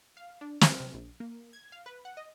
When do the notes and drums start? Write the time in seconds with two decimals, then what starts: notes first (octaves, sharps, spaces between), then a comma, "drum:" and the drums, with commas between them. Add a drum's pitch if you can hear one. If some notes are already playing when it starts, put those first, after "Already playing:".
0.17 F5
0.41 D4
0.61 E5, drum: snare
0.80 C3
0.94 A#1
1.20 A#3
1.53 G#6
1.72 F5
1.86 B4
2.05 F#5
2.17 D#5